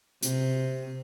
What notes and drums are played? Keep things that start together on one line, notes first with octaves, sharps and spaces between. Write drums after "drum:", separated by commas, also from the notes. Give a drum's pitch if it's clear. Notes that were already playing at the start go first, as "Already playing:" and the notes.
C3, drum: hi-hat